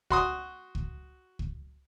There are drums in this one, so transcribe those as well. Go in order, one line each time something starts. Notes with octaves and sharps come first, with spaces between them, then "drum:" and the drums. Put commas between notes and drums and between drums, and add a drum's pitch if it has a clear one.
F#4 C6 D#6, drum: kick
drum: kick
drum: kick